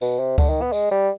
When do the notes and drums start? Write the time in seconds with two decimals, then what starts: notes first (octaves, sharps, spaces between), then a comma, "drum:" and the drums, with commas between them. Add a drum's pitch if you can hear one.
0.02 B2, drum: tambourine
0.19 C3
0.38 D3, drum: kick C#2, tambourine
0.49 D#3
0.61 B3
0.73 G#3, drum: tambourine
0.91 G3